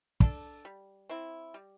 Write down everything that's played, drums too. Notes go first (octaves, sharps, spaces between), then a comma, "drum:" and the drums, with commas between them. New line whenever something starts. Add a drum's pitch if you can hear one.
D4 A4, drum: kick
G3
C4 E4
G3